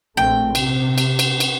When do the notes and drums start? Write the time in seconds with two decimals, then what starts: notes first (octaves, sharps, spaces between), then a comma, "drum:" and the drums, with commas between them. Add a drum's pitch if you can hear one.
0.17 A#1 A3 C4 G5
0.55 C3, drum: cymbal
0.98 drum: cymbal
1.19 drum: cymbal
1.40 drum: cymbal